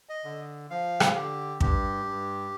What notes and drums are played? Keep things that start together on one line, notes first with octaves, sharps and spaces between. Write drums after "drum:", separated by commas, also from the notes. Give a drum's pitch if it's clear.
D#5
D3
F3 F5
drum: rim click
D3 G4
G2 G4, drum: kick
G2